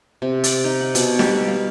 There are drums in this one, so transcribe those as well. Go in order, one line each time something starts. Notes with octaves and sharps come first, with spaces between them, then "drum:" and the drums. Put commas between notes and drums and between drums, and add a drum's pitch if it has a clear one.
C3
D5, drum: hi-hat
D#4
F#5
B2, drum: hi-hat
G3, drum: snare
F5